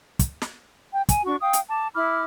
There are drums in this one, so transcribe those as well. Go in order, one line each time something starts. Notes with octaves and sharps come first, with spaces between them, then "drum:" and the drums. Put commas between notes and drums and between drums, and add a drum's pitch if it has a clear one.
drum: kick, hi-hat
drum: snare
G5
G#5, drum: kick, hi-hat
D4 F#4 C#6
F5 G5 D#6
drum: hi-hat
A5 D6
E4 B5 D6 F6